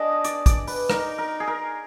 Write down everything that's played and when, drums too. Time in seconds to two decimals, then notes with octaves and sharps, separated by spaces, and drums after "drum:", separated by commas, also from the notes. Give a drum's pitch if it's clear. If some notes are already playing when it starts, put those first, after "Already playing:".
Already playing: D4 G#4 D#5
0.24 D5, drum: hi-hat
0.46 D5, drum: kick, hi-hat
0.67 B4, drum: open hi-hat
0.90 D#4 A#4, drum: rim click
1.18 A#4
1.40 G#4
1.47 A#4